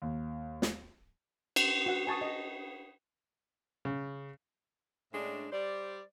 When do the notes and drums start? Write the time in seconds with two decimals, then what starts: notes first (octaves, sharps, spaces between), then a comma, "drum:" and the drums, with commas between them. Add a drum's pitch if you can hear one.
0.02 D#2
0.62 drum: snare
1.56 drum: cymbal
1.86 F#4 F#5
2.07 G#5 A5 C#6 D#6
2.21 D#5
3.85 C#3
5.13 A2 G#3 C#4 D4
5.52 G3 C5 D5